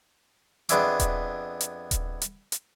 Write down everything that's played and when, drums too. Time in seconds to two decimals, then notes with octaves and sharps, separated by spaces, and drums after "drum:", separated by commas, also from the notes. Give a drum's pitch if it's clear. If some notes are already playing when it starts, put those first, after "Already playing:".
0.69 F2 B3 D4 G#4 E5 D6, drum: hi-hat
1.00 drum: kick D#1, hi-hat
1.61 drum: hi-hat
1.91 drum: kick D#1, hi-hat
2.22 drum: hi-hat
2.52 drum: hi-hat